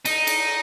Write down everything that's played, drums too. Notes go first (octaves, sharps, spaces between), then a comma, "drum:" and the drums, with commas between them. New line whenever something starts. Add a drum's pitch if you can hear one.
D#4, drum: cymbal
drum: cymbal